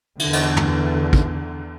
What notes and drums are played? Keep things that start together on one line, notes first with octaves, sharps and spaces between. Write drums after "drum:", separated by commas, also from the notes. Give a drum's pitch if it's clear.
E2 D3, drum: cymbal
drum: cymbal
drum: tom
drum: kick